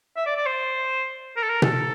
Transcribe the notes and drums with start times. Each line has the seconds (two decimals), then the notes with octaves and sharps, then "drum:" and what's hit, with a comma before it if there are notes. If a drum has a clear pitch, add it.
0.16 E5
0.26 D5
0.36 D5
0.46 C5
1.37 A#4
1.43 A4
1.49 A#4
1.62 A4, drum: tom B2